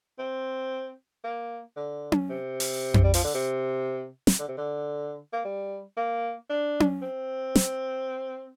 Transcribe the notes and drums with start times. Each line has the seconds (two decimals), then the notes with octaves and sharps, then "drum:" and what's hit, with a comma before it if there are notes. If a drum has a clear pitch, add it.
0.19 C4
1.24 A#3
1.76 D3
2.12 drum: tom C#4
2.30 C3
2.60 drum: open hi-hat
2.94 drum: tom F2
3.04 G3
3.14 F3, drum: open hi-hat
3.24 D3
3.34 C3
4.27 drum: snare
4.39 D3
4.48 C3
4.57 D3
5.32 A#3
5.45 G3
5.97 A#3
6.49 D4
6.80 drum: tom C#4
7.02 C4
7.55 drum: snare